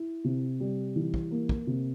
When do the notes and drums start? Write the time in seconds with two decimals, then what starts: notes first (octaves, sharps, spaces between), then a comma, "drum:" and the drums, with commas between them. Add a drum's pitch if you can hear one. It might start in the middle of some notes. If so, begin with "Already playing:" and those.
Already playing: E4
0.24 C3
0.60 G3
0.96 E3
1.14 drum: kick
1.31 A#3
1.49 drum: kick
1.67 C3